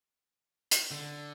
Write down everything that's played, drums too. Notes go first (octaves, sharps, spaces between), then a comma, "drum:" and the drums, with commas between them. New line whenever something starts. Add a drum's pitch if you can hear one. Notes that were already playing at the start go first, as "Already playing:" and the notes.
drum: hi-hat
D3